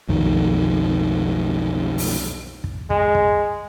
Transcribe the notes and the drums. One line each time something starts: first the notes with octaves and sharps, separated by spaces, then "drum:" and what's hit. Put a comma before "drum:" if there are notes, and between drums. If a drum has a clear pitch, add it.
B1 F2 D#3
drum: open hi-hat
drum: kick
G#3, drum: kick
drum: kick